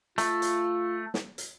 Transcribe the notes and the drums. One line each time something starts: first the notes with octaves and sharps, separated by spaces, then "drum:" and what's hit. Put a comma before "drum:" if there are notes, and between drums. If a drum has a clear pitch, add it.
A3 F4, drum: hi-hat
drum: hi-hat
drum: snare
drum: hi-hat